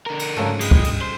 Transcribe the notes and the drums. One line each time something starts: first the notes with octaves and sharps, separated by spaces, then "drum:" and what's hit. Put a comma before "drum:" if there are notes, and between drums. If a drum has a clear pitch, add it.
D3 A#4
drum: cymbal
G#2 C#3 F3 F#3 A3
G2 G#3, drum: cymbal
drum: kick
drum: cymbal
C5